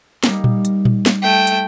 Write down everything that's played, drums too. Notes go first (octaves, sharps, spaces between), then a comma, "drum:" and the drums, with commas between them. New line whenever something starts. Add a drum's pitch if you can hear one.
G3 A#3 D#4, drum: snare
drum: tom A#2
drum: hi-hat
drum: tom A#2
drum: snare
A3 G5
drum: hi-hat